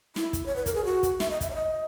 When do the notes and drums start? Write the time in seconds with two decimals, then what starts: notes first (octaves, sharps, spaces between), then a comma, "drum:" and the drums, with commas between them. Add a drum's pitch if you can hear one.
0.16 E4, drum: snare
0.33 drum: kick, hi-hat
0.46 C#5
0.56 B4
0.66 A#4, drum: kick, hi-hat
0.75 G#4
0.85 F#4
1.03 drum: kick, hi-hat
1.20 E5, drum: snare
1.31 D#5
1.41 E5, drum: kick, hi-hat
1.50 C#5
1.55 D#5